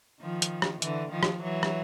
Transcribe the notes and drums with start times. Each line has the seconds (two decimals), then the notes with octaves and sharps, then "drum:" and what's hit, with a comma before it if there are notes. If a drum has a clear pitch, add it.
0.21 D#3 F3
0.42 drum: hi-hat
0.62 drum: rim click
0.82 D3 E3, drum: hi-hat
1.12 D#3 F3
1.23 drum: rim click
1.43 E3 F#3
1.63 drum: rim click